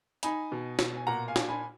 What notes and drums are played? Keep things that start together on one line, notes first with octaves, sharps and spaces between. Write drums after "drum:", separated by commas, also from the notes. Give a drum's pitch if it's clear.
D#4 G#5 B5, drum: hi-hat
B2
B2, drum: snare
G#5
A#2 F#5 A#5
F5 G#5
D4, drum: snare
G#5 B5